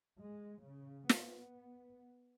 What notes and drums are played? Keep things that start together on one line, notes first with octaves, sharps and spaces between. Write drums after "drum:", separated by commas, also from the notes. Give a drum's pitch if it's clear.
G#3
C#3
B3, drum: snare